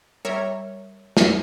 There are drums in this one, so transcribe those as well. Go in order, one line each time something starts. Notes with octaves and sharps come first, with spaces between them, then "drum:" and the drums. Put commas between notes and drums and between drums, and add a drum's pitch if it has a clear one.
G3 A#4 C#5 E5
drum: snare